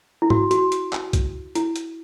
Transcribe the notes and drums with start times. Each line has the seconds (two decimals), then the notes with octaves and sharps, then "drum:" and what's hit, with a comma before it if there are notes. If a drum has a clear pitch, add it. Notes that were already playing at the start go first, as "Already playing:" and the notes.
0.22 E4
0.30 F#4, drum: tom G#2
0.51 F#4, drum: hi-hat
0.72 drum: hi-hat
0.93 drum: clap
1.13 drum: kick C2, hi-hat
1.55 E4, drum: hi-hat
1.76 drum: hi-hat